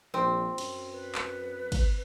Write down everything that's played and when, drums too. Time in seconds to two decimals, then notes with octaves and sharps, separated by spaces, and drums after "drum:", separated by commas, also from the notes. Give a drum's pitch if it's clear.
0.14 A#1 C4
0.58 F#2, drum: cymbal
0.92 B4
1.15 drum: clap
1.72 drum: kick, cymbal